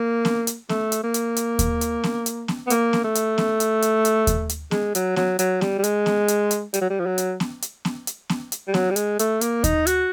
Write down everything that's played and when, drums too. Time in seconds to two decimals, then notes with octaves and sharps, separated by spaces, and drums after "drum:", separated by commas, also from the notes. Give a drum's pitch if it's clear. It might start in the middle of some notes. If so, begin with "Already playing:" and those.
Already playing: A#3
0.25 drum: snare B3
0.47 drum: hi-hat
0.69 A3, drum: snare B3
0.92 drum: hi-hat
1.04 A#3
1.14 drum: hi-hat
1.36 drum: hi-hat
1.59 drum: kick D#2, hi-hat
1.81 drum: hi-hat
2.04 drum: snare B3
2.26 drum: hi-hat
2.48 drum: snare B3
2.67 B3
2.70 A#3, drum: hi-hat
2.93 drum: snare B3
3.04 A3
3.15 drum: hi-hat
3.38 drum: snare B3
3.60 drum: hi-hat
3.82 drum: hi-hat
4.05 drum: hi-hat
4.27 drum: kick D#2, hi-hat
4.49 drum: hi-hat
4.71 G#3, drum: snare B3
4.95 F#3, drum: hi-hat
5.16 F#3, drum: snare B3
5.39 F#3, drum: hi-hat
5.61 G3, drum: snare B3
5.78 G3
5.84 G#3, drum: hi-hat
6.06 drum: snare B3
6.28 drum: hi-hat
6.51 drum: hi-hat
6.74 G3, drum: hi-hat
6.81 F#3
6.90 G3
6.99 F3
7.06 F#3
7.18 drum: hi-hat
7.40 drum: snare B3
7.62 drum: hi-hat
7.85 drum: snare B3
8.07 drum: hi-hat
8.29 drum: snare B3
8.52 drum: hi-hat
8.68 G3
8.74 F#3, drum: snare B3
8.90 G3
8.96 G#3, drum: hi-hat
9.19 A3, drum: hi-hat
9.41 A#3, drum: hi-hat
9.64 D#4, drum: kick D#2, hi-hat
9.87 F#4, drum: hi-hat